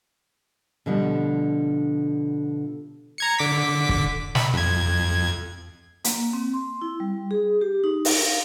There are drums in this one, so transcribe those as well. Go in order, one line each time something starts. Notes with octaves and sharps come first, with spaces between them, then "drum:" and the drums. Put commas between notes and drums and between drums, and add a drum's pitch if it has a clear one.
B2 D3 F3 G3
A#5 G#6 C#7
D3 D6 B6
drum: kick
B5, drum: snare
F2 G#6
A#3, drum: hi-hat
C4
C6
E4
G3
G#4
G4
D#4
drum: open hi-hat
F5